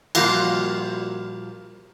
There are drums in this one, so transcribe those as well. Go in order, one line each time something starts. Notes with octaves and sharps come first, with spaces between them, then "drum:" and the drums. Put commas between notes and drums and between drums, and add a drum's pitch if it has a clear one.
A#2 F3 G3 A#3 F4 F#4, drum: cymbal